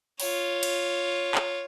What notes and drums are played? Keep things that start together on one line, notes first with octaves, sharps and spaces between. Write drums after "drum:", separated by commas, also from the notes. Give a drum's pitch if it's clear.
F4 C#5, drum: open hi-hat
drum: cymbal
drum: clap